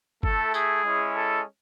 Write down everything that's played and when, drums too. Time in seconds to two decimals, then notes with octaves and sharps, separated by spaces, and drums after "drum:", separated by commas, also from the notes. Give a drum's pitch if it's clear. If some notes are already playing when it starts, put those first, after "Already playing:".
0.23 A3 E4 A4, drum: kick G1
0.54 G#4, drum: tambourine
0.84 G#3 C#4 E4
1.14 A4